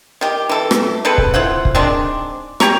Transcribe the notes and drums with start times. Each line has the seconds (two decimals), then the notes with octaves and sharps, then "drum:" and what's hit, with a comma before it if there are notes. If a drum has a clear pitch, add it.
0.21 D#3 G4
0.49 E3 A4
0.71 drum: rim click
1.05 C4 G#4 A4 B4
1.18 drum: kick
1.34 E4 F4 C5 F#5
1.65 drum: kick
1.75 D#3 G#3 C4 D4
2.60 G4 C#5 A#5 C#6, drum: rim click